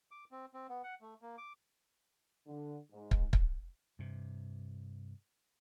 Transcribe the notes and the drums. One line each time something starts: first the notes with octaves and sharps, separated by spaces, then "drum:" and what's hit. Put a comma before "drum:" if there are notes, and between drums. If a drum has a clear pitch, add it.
D6
C4
C4
B3
F#5
A3
A#3
D6
D3
G#2
drum: kick
drum: kick
G2 C3